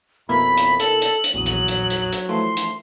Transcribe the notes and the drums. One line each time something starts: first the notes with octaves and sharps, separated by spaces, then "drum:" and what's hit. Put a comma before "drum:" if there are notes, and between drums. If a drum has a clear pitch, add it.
F2 B2 A#3 E4 B5
drum: hi-hat
A4 F#7, drum: hi-hat
drum: hi-hat
drum: hi-hat
A#1 E2 F#3 D#6
drum: hi-hat
drum: hi-hat
drum: hi-hat
drum: hi-hat
E3 F3 A3 C6
drum: hi-hat